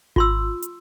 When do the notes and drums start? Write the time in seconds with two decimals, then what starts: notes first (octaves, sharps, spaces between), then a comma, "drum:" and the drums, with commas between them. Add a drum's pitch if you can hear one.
0.16 F4 C6 E6, drum: kick G#1
0.62 drum: hi-hat